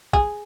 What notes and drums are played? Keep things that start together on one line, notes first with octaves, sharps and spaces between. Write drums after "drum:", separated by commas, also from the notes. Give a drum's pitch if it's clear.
G#4, drum: kick